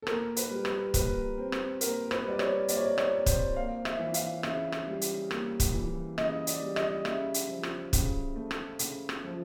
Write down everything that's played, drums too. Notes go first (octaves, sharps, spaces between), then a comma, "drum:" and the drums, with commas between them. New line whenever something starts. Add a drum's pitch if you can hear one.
A4
A#2 A#4, drum: rim click
B4, drum: hi-hat
G3
B4, drum: rim click
A#2 B4, drum: kick, hi-hat
C4
drum: rim click
A#2 A#4, drum: hi-hat
B4, drum: rim click
G3 D5
C#5, drum: rim click
A#2 D5, drum: hi-hat
C#5
D5
C#5, drum: rim click
C4
C5, drum: kick, hi-hat
A#3 F5
E5, drum: rim click
E3
F5, drum: hi-hat
C#3 E5, drum: rim click
drum: rim click
G3
drum: hi-hat
A#3, drum: rim click
drum: kick, hi-hat
E3
C#3 D#5, drum: rim click
D5, drum: hi-hat
G3
D#5, drum: rim click
C#3 E5, drum: rim click
drum: hi-hat
F3
drum: rim click
C#3, drum: kick, hi-hat
A3
drum: rim click
C#3, drum: hi-hat
drum: rim click
F3